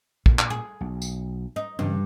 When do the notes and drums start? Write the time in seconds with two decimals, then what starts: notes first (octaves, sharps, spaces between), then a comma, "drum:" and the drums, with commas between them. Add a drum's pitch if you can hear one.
0.26 A#2, drum: kick
0.39 drum: clap
0.50 G#4
0.81 B1
1.02 drum: tambourine
1.56 D#4
1.79 G2 C#3 E3 C4